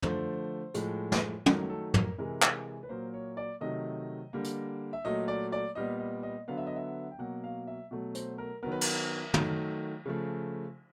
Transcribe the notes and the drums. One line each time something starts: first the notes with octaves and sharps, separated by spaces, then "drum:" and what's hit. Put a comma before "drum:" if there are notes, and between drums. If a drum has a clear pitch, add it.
D3 F3 A3 C5, drum: tom
A2 F3 G#3, drum: hi-hat
drum: snare
D#3 F#3 A3 A#4, drum: tom
A4
A#4, drum: tom
C3 E3 G#3 A#4
drum: clap
B4
A#2 F#3 A#3 C5
C#5
D5
C3 D#3 F#3 A3 D#5
D3 G3 A#3
drum: hi-hat
E5
A#2 F#3 A3 D#5
D5
D5
A#2 G3 B3 D#5
D#5
D#5
D3 F#3 B3 F5
E5
D#5
E5
G5
B2 F#3 A#3 F#5
F5
E5
B2 F#3 A3
C5, drum: hi-hat
A#4
D#3 F#3 B3 A#4
B4
A#4, drum: cymbal
D#3 F#3 A3, drum: tom
C#3 F3 A3